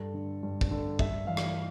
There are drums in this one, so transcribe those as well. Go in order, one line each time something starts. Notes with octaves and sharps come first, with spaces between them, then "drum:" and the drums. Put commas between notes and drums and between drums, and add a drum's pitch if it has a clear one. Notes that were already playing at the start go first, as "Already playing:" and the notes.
Already playing: G2 A4
D3
G2
drum: kick
D3
G2 E5, drum: kick
E3 F5
drum: rim click